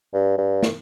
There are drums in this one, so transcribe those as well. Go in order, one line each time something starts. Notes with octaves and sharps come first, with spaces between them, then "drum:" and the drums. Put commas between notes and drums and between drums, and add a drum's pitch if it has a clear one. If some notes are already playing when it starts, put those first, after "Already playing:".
G2
G2
drum: snare